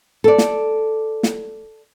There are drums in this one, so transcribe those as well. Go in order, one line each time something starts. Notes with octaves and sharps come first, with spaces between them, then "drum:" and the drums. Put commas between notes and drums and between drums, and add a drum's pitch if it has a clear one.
A4 D5
drum: snare
drum: snare